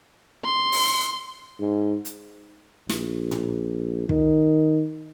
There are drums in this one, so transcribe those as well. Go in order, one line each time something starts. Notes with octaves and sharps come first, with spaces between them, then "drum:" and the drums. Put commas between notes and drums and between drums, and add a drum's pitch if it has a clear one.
C6
drum: open hi-hat
G#2
drum: hi-hat
A#1, drum: snare
drum: tom A2
D#3, drum: kick